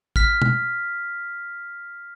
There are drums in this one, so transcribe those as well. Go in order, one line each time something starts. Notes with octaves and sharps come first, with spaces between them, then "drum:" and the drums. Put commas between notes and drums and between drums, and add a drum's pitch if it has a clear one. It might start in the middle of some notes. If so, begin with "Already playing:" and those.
F6 B6, drum: kick
drum: tom